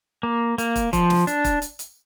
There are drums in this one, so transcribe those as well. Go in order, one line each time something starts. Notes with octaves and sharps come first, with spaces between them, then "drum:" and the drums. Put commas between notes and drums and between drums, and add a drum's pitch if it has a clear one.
A#3
A#3, drum: hi-hat
drum: kick, hi-hat
F3, drum: kick, hi-hat
drum: snare
D4, drum: hi-hat
drum: kick, hi-hat
drum: hi-hat
drum: hi-hat